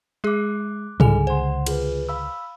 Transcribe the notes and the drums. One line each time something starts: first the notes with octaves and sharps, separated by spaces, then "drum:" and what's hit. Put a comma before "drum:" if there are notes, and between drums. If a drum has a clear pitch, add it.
G#3 G#4 D6 F#6
C#2 D3 G3 G#4 A4 G#5 F7, drum: tom G#2
C5 F#5 C6
F4 G#4 B4, drum: cymbal
F5 B5 E6